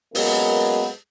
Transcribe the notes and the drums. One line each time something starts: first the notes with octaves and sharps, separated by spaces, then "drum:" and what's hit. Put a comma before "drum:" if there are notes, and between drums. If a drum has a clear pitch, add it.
F#2 G#3 A#3 B3, drum: open hi-hat